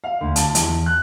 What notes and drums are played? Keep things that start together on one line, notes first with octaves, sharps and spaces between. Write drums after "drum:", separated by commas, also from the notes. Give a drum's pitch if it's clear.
F5
D2
A5, drum: hi-hat
E2, drum: hi-hat
F#6